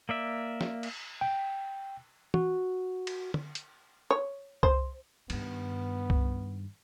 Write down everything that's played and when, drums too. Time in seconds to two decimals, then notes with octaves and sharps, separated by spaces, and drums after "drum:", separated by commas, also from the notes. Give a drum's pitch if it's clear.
0.09 A#3 D5 E5
0.61 drum: snare
0.83 drum: cymbal
1.21 G5
2.34 F#4, drum: tom
3.07 drum: cymbal
3.34 drum: tom
3.55 drum: hi-hat
4.11 C#5
4.63 C5, drum: kick C2
5.30 G2 D#3 B3, drum: cymbal
6.10 drum: kick C2